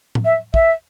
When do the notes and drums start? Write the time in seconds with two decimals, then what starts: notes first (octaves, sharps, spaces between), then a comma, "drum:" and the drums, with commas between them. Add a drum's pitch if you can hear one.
0.15 drum: tom A2
0.25 E5
0.54 E5, drum: kick